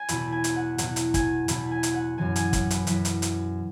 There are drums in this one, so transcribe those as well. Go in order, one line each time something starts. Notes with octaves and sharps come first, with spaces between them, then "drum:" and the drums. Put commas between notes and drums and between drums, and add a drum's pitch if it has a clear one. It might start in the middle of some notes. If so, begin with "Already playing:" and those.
Already playing: G#5
E2 B2 B5, drum: hi-hat
G#5
drum: hi-hat
F#5
E2 B2 F#5, drum: hi-hat
drum: hi-hat
G#5, drum: kick, hi-hat
E2 B2 B5, drum: hi-hat
G#5
drum: hi-hat
F#5
F#2 E3 G#5
G#5, drum: hi-hat
F#5, drum: kick, hi-hat
B4, drum: hi-hat
F#2 E3 B4, drum: hi-hat
drum: hi-hat
drum: hi-hat